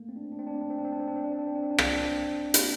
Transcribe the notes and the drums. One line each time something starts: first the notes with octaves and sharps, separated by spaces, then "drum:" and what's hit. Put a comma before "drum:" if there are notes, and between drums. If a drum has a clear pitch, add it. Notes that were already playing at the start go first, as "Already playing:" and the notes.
Already playing: A3 A#3
C4
D4
C4
D4
C4
D4
C4
D4
C4
D4
C4
D4
C4
D4
C4
D4
C4
D4
C4
D4
C4
D4
C4, drum: rim click
D4
C4
C4
A#3, drum: hi-hat